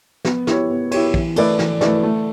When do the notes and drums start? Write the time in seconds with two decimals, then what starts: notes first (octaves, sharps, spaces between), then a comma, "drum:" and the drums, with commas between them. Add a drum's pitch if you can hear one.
0.25 B3, drum: snare
0.47 E4 G4 C#5, drum: snare
0.69 B3
0.91 E4 G4 C#5, drum: cymbal
1.14 E3, drum: kick
1.36 A3 E4 B4 D5, drum: cymbal
1.59 E3, drum: snare
1.81 A3 E4 B4 D5, drum: snare
2.03 A3